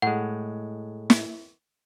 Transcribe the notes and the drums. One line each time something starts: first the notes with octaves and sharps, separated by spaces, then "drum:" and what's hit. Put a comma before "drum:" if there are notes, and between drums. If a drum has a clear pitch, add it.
A2 G#3 F#5
drum: snare